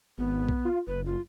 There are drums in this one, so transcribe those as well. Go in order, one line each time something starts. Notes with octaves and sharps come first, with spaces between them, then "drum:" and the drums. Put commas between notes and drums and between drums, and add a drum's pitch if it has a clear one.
G#1 B3
drum: kick B1
F4
F#1 B4
F4